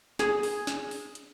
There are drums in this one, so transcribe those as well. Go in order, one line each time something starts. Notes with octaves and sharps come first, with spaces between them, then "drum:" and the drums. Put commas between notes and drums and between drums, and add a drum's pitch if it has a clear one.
G#4, drum: snare
drum: open hi-hat
drum: snare
drum: open hi-hat
drum: hi-hat